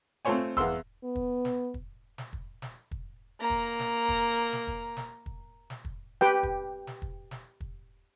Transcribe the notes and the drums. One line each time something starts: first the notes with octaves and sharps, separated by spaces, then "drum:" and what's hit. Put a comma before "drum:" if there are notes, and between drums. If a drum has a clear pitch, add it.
A3 C4 F4 C5 C#5 G#5
E2 B3 F5 C6 E6, drum: kick
B3
drum: kick
drum: snare
drum: kick
drum: snare
drum: kick
drum: snare
drum: kick
A#3 A#5
drum: kick
drum: snare
drum: kick
drum: snare
drum: kick
drum: snare
drum: kick
drum: snare
drum: kick
G4 B4 G5
drum: kick
drum: snare
drum: kick
drum: snare
drum: kick